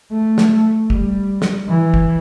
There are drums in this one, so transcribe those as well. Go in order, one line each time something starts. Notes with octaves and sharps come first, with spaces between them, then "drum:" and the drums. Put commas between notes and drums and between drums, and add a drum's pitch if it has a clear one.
A3
drum: snare
G3, drum: kick
drum: snare
E3
drum: kick